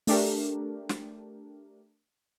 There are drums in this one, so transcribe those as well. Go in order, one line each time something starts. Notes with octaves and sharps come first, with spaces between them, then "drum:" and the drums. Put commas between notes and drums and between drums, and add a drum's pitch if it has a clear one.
A3 D4 G4 A#4, drum: open hi-hat
drum: snare